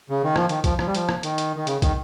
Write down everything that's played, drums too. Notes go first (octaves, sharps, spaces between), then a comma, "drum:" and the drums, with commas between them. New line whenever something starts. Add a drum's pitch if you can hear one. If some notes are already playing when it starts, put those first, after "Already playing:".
C#3
D#3
F3, drum: rim click
D#3, drum: hi-hat
F3, drum: kick, hi-hat
F3, drum: rim click
G3
F3, drum: hi-hat
drum: rim click
D#3, drum: hi-hat
drum: hi-hat
D#3
C#3, drum: hi-hat
D#3, drum: kick, hi-hat